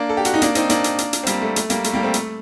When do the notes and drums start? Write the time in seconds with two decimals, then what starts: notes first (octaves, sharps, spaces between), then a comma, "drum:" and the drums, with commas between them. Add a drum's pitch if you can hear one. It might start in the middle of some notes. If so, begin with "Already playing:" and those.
Already playing: A#3 D4
0.09 A4
0.17 G4
0.25 F#4, drum: hi-hat
0.34 D#4
0.42 A#3 D4, drum: hi-hat
0.55 C4 D#4, drum: hi-hat
0.70 A#3 D4, drum: hi-hat
0.84 drum: hi-hat
0.99 drum: hi-hat
1.13 drum: hi-hat
1.23 C4
1.27 G3 A#3, drum: hi-hat
1.42 A3
1.56 A3, drum: hi-hat
1.70 G3 A#3, drum: hi-hat
1.84 A3, drum: hi-hat
1.93 G3 A#3
2.03 A3 C4
2.14 A3, drum: hi-hat